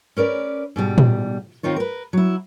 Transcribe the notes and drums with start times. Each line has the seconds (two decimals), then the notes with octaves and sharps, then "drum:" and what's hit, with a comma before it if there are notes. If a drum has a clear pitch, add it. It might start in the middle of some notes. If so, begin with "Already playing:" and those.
0.17 C#4 A#4 B4 D5
0.76 G#2 B2 G3
0.98 drum: tom
1.63 D#3 C4 D#4 F4 C#5
1.76 A#4 B4
2.13 F#3 E4